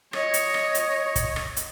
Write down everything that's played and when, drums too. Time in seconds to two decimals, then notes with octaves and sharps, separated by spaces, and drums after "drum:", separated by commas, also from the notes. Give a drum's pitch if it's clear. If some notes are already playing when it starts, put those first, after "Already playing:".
0.13 C#5 D#5, drum: rim click
0.34 drum: hi-hat
0.54 drum: rim click
0.75 drum: hi-hat
1.16 drum: kick, hi-hat
1.36 drum: rim click
1.57 drum: hi-hat